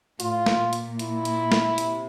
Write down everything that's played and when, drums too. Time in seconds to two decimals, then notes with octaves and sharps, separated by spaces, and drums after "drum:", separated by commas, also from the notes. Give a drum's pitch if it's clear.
0.20 A2 F4, drum: hi-hat
0.46 drum: snare
0.59 A#2
0.73 drum: hi-hat
0.99 E4, drum: hi-hat
1.25 drum: hi-hat
1.52 drum: snare
1.78 C3, drum: hi-hat